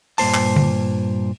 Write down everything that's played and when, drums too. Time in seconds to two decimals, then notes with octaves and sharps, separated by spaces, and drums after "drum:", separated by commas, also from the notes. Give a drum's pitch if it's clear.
0.18 G2 A#2 C5 A5, drum: open hi-hat
0.34 drum: clap
0.56 drum: tom D3